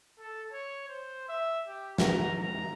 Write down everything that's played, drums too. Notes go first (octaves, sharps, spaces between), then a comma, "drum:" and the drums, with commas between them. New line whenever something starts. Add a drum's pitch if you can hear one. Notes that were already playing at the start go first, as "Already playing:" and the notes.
A4
C#5
C5
E5
G4
A#5, drum: snare
A#5